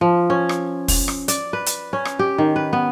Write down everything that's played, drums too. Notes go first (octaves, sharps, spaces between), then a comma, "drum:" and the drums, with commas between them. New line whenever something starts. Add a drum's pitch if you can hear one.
F3
C#4
drum: rim click
drum: kick, open hi-hat
drum: rim click
D5, drum: hi-hat
B4
drum: hi-hat
C#4
drum: rim click
G4
D#3
B4
B3